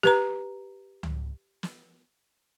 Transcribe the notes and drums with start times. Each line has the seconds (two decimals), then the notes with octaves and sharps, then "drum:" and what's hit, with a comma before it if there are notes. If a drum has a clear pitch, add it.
0.03 G4 B4 A#5, drum: snare
1.03 drum: tom C#2
1.63 drum: snare